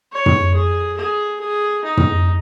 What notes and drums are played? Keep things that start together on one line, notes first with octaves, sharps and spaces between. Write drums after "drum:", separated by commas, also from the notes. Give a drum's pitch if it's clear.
C#5
drum: tom
G#4
G#4
G#4
D#4
drum: tom